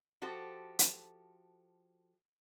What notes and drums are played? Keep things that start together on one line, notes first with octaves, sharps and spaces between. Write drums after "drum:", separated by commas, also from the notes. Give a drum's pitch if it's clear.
F3 F#4 G4 A4 C5
drum: hi-hat